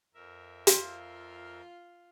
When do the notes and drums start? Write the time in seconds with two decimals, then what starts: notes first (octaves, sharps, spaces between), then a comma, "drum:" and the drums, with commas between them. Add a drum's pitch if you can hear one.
0.14 F2 A#4 E5
0.67 F4 F5, drum: hi-hat